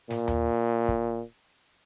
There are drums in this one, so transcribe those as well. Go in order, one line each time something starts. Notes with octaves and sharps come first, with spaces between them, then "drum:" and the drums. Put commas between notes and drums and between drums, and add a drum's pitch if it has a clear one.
A#2, drum: snare
drum: tom D#2
drum: kick